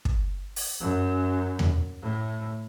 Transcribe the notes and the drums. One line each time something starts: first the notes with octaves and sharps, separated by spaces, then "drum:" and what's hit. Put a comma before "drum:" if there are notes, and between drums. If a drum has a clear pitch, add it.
drum: kick
drum: open hi-hat
F#2
drum: tom E2
A2